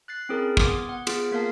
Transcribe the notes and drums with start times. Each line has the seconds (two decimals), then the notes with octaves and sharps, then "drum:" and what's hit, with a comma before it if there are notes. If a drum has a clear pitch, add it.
0.08 F#6 A6 C7
0.29 C4 C#4 E4 G#4 A#4
0.57 B3 C6 D6 D#6 G#6, drum: kick
0.89 F#5
1.07 B3 F4 G#4, drum: cymbal
1.31 A#3 F4 A#4 F5 A5